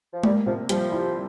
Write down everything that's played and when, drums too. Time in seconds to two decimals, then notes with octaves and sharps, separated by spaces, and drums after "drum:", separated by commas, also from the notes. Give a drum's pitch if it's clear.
0.13 F3
0.24 G3 A#3, drum: tom G#3
0.46 C3 F3
0.69 F3 G3, drum: hi-hat
0.92 E4